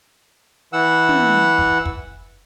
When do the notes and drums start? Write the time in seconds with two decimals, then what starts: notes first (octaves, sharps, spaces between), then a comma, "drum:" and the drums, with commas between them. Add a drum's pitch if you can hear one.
0.73 E3 F#5 E6
1.09 drum: tom
1.58 drum: kick
1.85 drum: kick